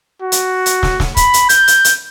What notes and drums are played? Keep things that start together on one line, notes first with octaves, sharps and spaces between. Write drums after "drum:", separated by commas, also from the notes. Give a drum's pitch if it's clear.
F#4
drum: hi-hat
drum: hi-hat
drum: snare
drum: snare
B5, drum: kick, hi-hat
drum: hi-hat
G6, drum: hi-hat
drum: hi-hat
drum: hi-hat